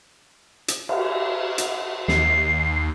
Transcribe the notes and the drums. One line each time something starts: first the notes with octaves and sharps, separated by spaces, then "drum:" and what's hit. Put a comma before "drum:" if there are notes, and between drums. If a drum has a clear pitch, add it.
drum: hi-hat
drum: cymbal
drum: hi-hat
D#2 C7, drum: snare